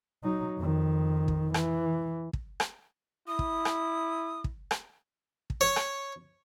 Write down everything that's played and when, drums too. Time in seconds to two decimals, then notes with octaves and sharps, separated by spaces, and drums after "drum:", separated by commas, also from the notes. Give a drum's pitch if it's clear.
0.24 F#3 D#4
0.59 F2 D#3
1.28 drum: kick
1.54 E3, drum: rim click
2.33 drum: kick
2.60 drum: rim click
3.27 E4 D#6
3.39 drum: kick
3.65 drum: rim click
4.44 drum: kick
4.71 drum: rim click
5.50 drum: kick
5.61 C#5
5.76 drum: rim click